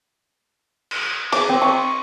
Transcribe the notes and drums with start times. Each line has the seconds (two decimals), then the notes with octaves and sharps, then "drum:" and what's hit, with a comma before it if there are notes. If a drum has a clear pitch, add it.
0.91 drum: cymbal
1.32 D6, drum: cymbal
1.49 C4
1.62 C#6